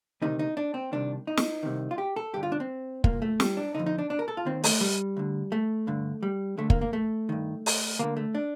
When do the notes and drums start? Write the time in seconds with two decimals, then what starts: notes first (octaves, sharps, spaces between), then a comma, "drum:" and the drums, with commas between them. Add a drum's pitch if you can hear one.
0.22 D2 C3 D#3 D#4
0.39 D#4
0.57 D4
0.74 C4
0.92 C2 C3 D#3 D4
1.27 D#4
1.37 drum: snare
1.63 C2 C3 D#3
1.91 F4
1.98 G4
2.16 A4
2.33 G2 D3 G4
2.43 F4
2.52 D4
2.60 C4
3.04 C2 A#2 A#3, drum: kick
3.22 A3
3.40 G3, drum: snare
3.57 D4
3.75 F2 D3 D#4
3.86 D#4
3.98 D4
4.10 D4
4.19 A#4
4.28 A4
4.37 F4
4.45 D#2 D#3 C4
4.64 A3, drum: open hi-hat
4.81 G3
5.17 D2 D3
5.52 A3
5.87 G2 D3
6.23 G3
6.58 D2 D3 A3
6.70 A#3, drum: kick
6.81 A#3
6.93 A3
7.29 G2 D#3
7.66 drum: open hi-hat
7.99 D2 D3 A#3
8.17 A3
8.35 D4